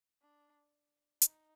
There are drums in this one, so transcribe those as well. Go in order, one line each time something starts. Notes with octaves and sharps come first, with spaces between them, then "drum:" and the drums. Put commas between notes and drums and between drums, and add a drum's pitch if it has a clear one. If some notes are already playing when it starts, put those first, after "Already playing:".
D4
D#4, drum: hi-hat